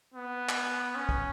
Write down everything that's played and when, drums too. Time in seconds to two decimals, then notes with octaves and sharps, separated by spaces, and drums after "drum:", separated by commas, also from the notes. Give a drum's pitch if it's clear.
0.14 B3
0.49 drum: clap
0.95 C#4
1.09 drum: kick